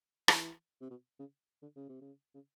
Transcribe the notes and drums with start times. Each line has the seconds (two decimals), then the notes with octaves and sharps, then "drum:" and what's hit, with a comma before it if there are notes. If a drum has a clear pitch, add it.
0.28 D#3, drum: rim click
0.32 E3
0.81 C3
0.90 B2
1.19 C#3
1.62 D3
1.76 C#3
1.89 C3
2.01 C#3
2.34 C#3